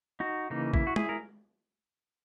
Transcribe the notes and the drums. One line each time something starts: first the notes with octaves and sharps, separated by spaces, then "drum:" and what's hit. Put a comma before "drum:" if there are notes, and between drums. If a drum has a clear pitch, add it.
D#4 F#4
C#3 E3 A#3 D#4
E4, drum: kick
F#4
E4 G#4, drum: tom
A#4